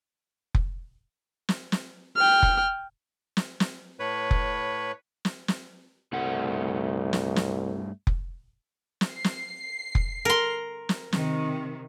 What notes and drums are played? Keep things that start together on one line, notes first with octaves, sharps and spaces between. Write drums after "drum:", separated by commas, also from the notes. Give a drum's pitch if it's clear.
drum: kick F1
drum: snare
drum: snare
G5 F6
drum: kick F1
drum: snare
drum: snare
A2 B4 C#5
drum: kick F1
drum: snare
drum: snare
C2 G2 A3 F#5
drum: snare
drum: snare
drum: kick F1
drum: snare
C7
drum: snare
drum: kick F1
A#4 C6
drum: snare
C3 D#3, drum: snare